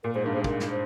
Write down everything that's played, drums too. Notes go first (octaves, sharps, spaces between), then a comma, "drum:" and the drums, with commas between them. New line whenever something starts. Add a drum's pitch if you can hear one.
A#2 A#4
G#2 C5
G2 A#4
G#2 C5
A#4, drum: kick
drum: snare
C5